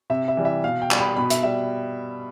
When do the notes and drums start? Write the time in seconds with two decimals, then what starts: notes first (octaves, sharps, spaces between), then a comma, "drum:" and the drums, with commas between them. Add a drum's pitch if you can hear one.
0.10 C3 E5
0.28 E5
0.37 E3 G3
0.45 E5
0.64 B2 F5
0.82 G5
0.91 G3, drum: clap
0.99 B5
1.16 B2 B5
1.30 E5, drum: hi-hat
1.43 G3 E5